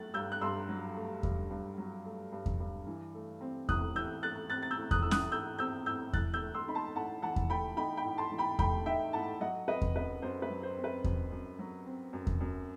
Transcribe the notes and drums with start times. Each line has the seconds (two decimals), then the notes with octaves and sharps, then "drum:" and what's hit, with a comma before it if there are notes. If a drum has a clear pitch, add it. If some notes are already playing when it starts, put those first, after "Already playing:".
Already playing: F#3 A3 F#6 A6
0.14 G2 E6 G6
0.32 F#6
0.41 G2 C6 E6
0.68 F#3
0.96 A3
1.23 G2, drum: kick E2
1.50 G2
1.78 F#3
2.05 A3
2.32 G2
2.46 drum: kick E2
2.60 G2
2.87 E3
3.14 A3
3.41 C4
3.69 A2 D#6 F#6, drum: kick E2
3.95 E3 E6 G6
4.23 A3 F#6 A6
4.50 C4 F#6 A6
4.63 A6
4.71 E6 G6
4.77 A2
4.91 D#6 F#6, drum: kick E2
5.02 E3 E6
5.11 D#6 F#6, drum: snare
5.32 A3 E6 G6
5.59 C4 E6 G6
5.86 A2 E6 G6
6.13 E3 F#6 A6, drum: kick E2
6.34 E6 G6
6.41 A3
6.54 C6 E6
6.68 D#4 B5
6.75 A5 C6
6.95 A2 F#5 A5
7.22 E3 F#5 A5
7.36 drum: kick E2
7.50 A3 G5 B5
7.77 D#4 G5 B5
7.97 G5 B5
8.04 A2
8.18 A5 C6
8.31 E3
8.38 G5 B5
8.59 A3 G5 B5, drum: kick E2
8.86 D#4 E5 G5
9.13 A2 F#5 A5
9.40 F#3 D#5 F#5
9.68 C4 B4 D#5
9.81 drum: kick E2
9.95 F#2 B4 D#5
10.22 F#2 C5
10.42 B4
10.50 F#3
10.63 C5
10.77 C4
10.84 B4
11.04 F#2, drum: kick E2
11.31 F#2
11.59 F#3
11.86 C4
12.13 F#2
12.27 drum: kick E2
12.40 F#2